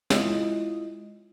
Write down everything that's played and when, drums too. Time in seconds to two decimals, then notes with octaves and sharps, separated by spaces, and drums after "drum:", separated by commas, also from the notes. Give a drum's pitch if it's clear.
0.10 G#3 E4 F4 D#5, drum: snare